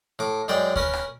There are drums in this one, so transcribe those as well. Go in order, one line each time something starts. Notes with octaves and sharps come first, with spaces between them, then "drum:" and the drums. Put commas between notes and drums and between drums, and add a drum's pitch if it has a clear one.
A2 D6
F#2 G#3 D5 G5
C#4 A#4 B4, drum: kick D2
drum: rim click